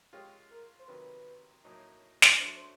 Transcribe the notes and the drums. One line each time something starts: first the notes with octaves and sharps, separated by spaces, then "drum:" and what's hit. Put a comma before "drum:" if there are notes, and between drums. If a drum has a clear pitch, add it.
G#3 C#4 F4 G4
A#4
C5
C3 D#3 F#3 B4
A2 F#3 A#3 D#4
drum: snare
F#3 A3 D4 C5
C5